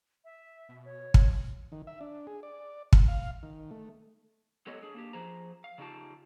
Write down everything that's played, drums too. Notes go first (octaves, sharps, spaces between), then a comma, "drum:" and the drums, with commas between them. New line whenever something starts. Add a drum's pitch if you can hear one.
E5
B2
C#5
F3, drum: kick
D#3
E5
D4
G#4
D5
drum: kick
F5
D#3
A3
G#3 B3 G4 A4 C#5 D#5
D4 G#4
A#3 D4 G4
F3 G#4 C5 A#5
F5
C#3 D4 D#4 F4 G4 A5